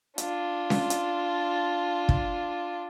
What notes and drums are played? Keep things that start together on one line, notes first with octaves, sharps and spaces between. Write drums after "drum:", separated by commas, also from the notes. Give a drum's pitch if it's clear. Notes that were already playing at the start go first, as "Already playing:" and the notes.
D4 F4, drum: hi-hat
drum: snare C#4
drum: hi-hat
drum: kick